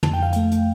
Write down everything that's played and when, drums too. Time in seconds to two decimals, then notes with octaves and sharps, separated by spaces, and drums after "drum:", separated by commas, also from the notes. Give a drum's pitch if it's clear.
0.03 F2 A5, drum: tom
0.13 G5
0.23 F5
0.33 A3 G5, drum: hi-hat
0.52 drum: hi-hat